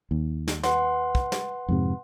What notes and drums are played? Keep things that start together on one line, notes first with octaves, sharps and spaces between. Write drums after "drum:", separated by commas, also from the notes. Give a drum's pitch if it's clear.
D#2
drum: snare
B4 F#5 C6, drum: snare
drum: kick
drum: snare
F2 G#2 C3